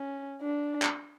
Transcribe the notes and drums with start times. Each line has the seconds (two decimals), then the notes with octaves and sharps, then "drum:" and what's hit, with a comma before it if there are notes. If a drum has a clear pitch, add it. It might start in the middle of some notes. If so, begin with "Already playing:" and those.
Already playing: C#4
0.41 D4
0.82 drum: clap